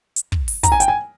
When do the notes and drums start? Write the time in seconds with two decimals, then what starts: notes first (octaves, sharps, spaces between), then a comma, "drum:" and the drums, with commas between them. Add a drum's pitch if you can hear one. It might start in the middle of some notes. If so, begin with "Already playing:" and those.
0.16 drum: hi-hat
0.32 drum: kick
0.48 drum: open hi-hat
0.63 A#5, drum: kick, hi-hat
0.72 G#5
0.80 G5, drum: hi-hat
0.88 G#5